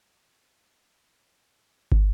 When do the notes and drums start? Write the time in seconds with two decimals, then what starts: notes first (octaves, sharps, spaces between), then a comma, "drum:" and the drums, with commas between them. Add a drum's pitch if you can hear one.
0.10 G#2
0.28 D3
0.48 C3
0.84 F#3
1.19 A4
1.59 F2
1.92 B5, drum: kick